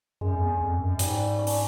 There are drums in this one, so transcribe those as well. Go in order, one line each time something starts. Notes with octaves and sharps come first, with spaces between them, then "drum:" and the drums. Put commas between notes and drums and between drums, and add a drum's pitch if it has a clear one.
F#2 G#3
F2
E2
F2
F#2
G#2 G3, drum: hi-hat
C#4
D4, drum: open hi-hat